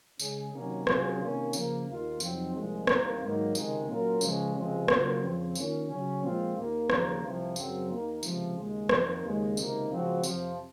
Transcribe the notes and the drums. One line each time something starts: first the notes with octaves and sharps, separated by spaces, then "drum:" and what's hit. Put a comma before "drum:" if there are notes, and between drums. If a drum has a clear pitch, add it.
C#3 G#3 C#4 G#4, drum: tambourine
C3 D#3 F#3 A#3 C#4
C3 F#3 C#4 F4 G#4, drum: rim click
C3 D#3 A#3 C#4
C#3 F3 A#3, drum: tambourine
D#2 D#3 A#3 F4
F2 C3 F#3 C4 D#4, drum: tambourine
C2 A#2 F3 G#3
C2 C3 D#3 A#3, drum: rim click
G#2 D#3 F#3 A#3 D#4
C#2 C3 D#3 G#3, drum: tambourine
A#2 F#3 C#4 F4 A#4
C#2 C#3 F3 G#3 C#4, drum: tambourine
C#2 C3 F3 G#3 C4
C#3 F#3 A#3 F4, drum: rim click
F2 C#3 F3 C4
D#3 A#3 C#4 F4, drum: tambourine
C#3 F#3 C#4
A#2 F3 G#3 C4 F4
D#2 D#3 A#3
D#2 C#3 F3 A#3, drum: rim click
C2 C3 F3
F#2 C#3 F#3 C4, drum: tambourine
D#2 D#3 A#3
C#2 C3 F3, drum: tambourine
D#2 C#3 G#3
F2 D#3 A#3, drum: rim click
D#2 C#3 G#3 C4
C#2 C3 D#3 A#3 D#4, drum: tambourine
C#2 C#3 F3 C4 F#4
F2 C3 F3, drum: tambourine